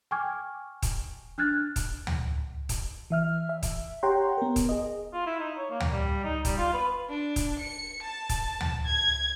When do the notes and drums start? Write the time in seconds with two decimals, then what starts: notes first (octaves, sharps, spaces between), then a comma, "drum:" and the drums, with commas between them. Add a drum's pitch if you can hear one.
0.11 G5 G#5 C#6 D6 F6 G#6
0.82 drum: kick D#1, hi-hat
1.38 D4 F6 F#6 G#6 A6
1.76 drum: kick D#1, hi-hat
2.07 drum: tom D2
2.69 drum: kick D#1, hi-hat
3.10 E3 E5 F6
3.49 E5
3.63 drum: kick D#1, hi-hat
4.03 G4 C#5 F#5 G5 A#5 C6
4.37 B3 A#4
4.56 drum: kick D#1, hi-hat
4.69 G#4 D#5
5.13 F4
5.26 E4
5.40 D#4
5.57 C#5
5.71 A#3
5.80 drum: tom D2
5.91 G3
6.24 D#4
6.45 G3, drum: kick D#1, hi-hat
6.58 F4
6.74 B4
7.09 D4
7.36 drum: kick D#1, hi-hat
7.59 C#7
8.02 A5
8.29 drum: kick D#1, hi-hat
8.61 drum: tom D2
8.86 G#6